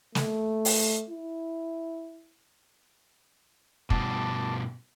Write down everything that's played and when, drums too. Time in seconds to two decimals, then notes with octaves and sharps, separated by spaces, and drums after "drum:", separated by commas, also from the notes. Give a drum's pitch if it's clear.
0.15 A3, drum: snare
0.65 drum: open hi-hat
1.10 E4
3.90 G2 B2 A5 D6, drum: kick